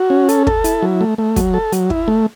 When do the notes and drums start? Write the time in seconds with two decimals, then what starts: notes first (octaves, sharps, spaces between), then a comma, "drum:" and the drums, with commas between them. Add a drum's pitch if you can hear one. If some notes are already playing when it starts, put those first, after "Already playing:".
Already playing: F#4
0.10 C#4
0.29 A4, drum: hi-hat
0.47 A4, drum: kick
0.64 E4, drum: hi-hat
0.83 F#3
1.01 A3
1.18 A3
1.36 F#3, drum: kick, hi-hat
1.54 A4
1.72 F#3, drum: hi-hat
1.90 E4, drum: kick
2.08 A3